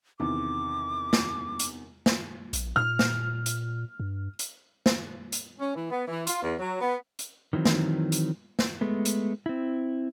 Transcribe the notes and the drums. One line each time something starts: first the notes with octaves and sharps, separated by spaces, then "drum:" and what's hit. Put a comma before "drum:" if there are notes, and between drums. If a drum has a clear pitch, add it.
E2 C3 D#3 D6
drum: snare
drum: hi-hat
drum: snare
A#1, drum: hi-hat
A#2 F6
drum: snare
drum: hi-hat
G2
drum: hi-hat
drum: snare
drum: hi-hat
C#4
E3
B3
E3
F4, drum: hi-hat
E2
F#3
B3
drum: hi-hat
D#3 E3 F#3 C4
drum: snare
drum: hi-hat
drum: snare
G#3 A3 B3
drum: hi-hat
C4 E4